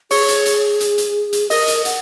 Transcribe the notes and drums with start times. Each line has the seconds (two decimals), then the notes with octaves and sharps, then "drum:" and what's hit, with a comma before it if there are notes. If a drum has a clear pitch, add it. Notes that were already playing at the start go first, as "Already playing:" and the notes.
0.10 G#4 C#5, drum: open hi-hat
0.28 drum: hi-hat
0.46 drum: hi-hat
0.80 drum: hi-hat
0.98 drum: hi-hat
1.33 drum: hi-hat
1.50 A#4 D#5, drum: open hi-hat
1.67 drum: hi-hat
1.85 F#5, drum: hi-hat